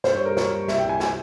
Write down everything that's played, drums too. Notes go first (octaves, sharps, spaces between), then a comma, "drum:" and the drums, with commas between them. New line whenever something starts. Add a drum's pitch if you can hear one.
G2 C5, drum: snare
C#5
G3
A#4
G2 C#5, drum: snare
G3
C2 E5, drum: snare
G5
C2 G#5
G3 G#5, drum: snare